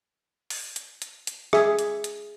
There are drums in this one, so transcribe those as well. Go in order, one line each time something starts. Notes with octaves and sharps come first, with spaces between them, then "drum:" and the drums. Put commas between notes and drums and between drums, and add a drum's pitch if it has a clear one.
drum: open hi-hat
drum: hi-hat
drum: hi-hat
drum: hi-hat
G#4 E5 D#6, drum: rim click
drum: hi-hat
drum: hi-hat